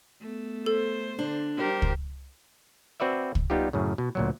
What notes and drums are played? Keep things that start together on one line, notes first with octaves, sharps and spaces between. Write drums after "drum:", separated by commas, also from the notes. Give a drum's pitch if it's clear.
A3 B3
A4 C5
D3 D4
G3 G4 A#4 C5
drum: kick
C4 F#4 B4 D5 E5
drum: kick
G3 B3 D#4 F4 G4
F#2 A2 C#3
B2
D2 A#2 F#3